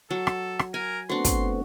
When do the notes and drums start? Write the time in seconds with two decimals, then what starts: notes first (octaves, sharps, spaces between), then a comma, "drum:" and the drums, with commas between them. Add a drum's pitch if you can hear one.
0.10 F#3 A4
0.27 drum: rim click
0.59 drum: rim click
0.74 A#4 G#5
1.09 A3 B3 C4 D4 F#4 C6
1.25 drum: kick, hi-hat